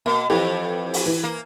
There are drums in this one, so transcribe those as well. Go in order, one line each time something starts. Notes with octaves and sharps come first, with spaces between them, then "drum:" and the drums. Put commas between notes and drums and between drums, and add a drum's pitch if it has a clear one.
B2 A#3
F2 E3 G4 A4
drum: open hi-hat
E3
A#3